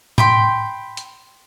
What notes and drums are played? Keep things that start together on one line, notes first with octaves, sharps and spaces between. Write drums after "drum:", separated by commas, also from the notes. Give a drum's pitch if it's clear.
G5 B5 C6, drum: tom A2
drum: hi-hat